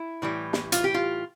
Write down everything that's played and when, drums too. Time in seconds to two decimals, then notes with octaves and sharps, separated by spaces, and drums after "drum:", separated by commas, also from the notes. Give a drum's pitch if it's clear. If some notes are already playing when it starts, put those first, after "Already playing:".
Already playing: E4
0.22 A2 E3 G3
0.53 drum: snare
0.72 F4, drum: hi-hat
0.84 G4
0.94 F4